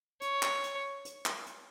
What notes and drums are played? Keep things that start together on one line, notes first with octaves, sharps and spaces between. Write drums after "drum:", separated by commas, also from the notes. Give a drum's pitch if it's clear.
C#5, drum: hi-hat
drum: clap
drum: hi-hat
drum: hi-hat
drum: clap
drum: hi-hat